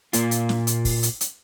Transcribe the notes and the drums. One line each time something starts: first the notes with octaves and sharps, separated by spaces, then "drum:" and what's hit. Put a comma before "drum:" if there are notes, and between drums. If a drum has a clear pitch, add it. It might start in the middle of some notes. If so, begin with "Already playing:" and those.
A#2 A#3 F4, drum: hi-hat
drum: hi-hat
drum: snare
drum: hi-hat
drum: kick, open hi-hat
drum: hi-hat
drum: hi-hat